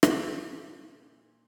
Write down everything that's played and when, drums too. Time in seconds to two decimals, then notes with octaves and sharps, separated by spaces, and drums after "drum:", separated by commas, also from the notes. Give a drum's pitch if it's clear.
0.03 A#2, drum: rim click